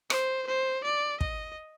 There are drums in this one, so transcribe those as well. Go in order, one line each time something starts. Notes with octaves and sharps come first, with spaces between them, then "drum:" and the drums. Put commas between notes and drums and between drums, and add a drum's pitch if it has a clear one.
C5, drum: rim click
C5
D5
D#5, drum: kick